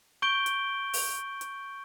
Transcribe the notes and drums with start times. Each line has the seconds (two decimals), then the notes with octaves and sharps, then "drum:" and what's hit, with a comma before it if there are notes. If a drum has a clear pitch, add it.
0.22 C#6 G6 D7 G7
0.46 drum: hi-hat
0.93 drum: open hi-hat
1.41 drum: hi-hat